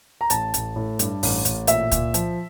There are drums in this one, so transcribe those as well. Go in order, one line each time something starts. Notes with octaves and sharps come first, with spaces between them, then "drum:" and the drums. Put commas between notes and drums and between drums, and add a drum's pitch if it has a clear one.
A#5
A1 A5, drum: hi-hat
A1, drum: hi-hat
A2
G2, drum: hi-hat
A1, drum: open hi-hat
A1, drum: hi-hat
A#2 E5, drum: hi-hat
A#2, drum: kick C#2, hi-hat
F3, drum: hi-hat